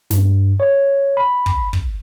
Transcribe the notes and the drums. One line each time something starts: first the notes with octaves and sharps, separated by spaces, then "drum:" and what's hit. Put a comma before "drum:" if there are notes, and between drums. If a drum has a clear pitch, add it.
G2, drum: snare
C#5
B5
drum: kick
drum: kick